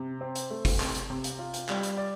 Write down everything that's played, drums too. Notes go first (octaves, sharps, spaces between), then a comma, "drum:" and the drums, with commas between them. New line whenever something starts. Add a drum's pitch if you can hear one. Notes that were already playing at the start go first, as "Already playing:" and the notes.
Already playing: C3
C4
drum: hi-hat
A3
drum: kick, open hi-hat
C3, drum: clap
drum: hi-hat
C3
drum: hi-hat
F4
drum: hi-hat
G3, drum: clap
drum: hi-hat
D5